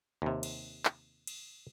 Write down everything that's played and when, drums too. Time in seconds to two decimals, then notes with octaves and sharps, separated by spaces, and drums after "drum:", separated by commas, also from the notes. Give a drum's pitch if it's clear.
0.22 D#2 C3
0.43 drum: cymbal
0.85 drum: clap
1.27 drum: cymbal